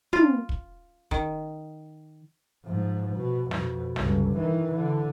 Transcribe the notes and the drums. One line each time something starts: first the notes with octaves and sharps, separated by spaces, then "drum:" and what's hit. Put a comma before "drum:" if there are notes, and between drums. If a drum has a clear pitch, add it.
F4, drum: tom
drum: kick
D#3, drum: kick
G#2 F3
B2
F2 B2, drum: snare
G1 C#2, drum: snare
D#3 E3
D3